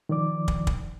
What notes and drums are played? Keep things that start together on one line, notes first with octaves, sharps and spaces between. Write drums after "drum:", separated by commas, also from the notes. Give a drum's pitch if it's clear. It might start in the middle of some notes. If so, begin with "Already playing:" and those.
D#3 F3 D5 D6
drum: kick
drum: kick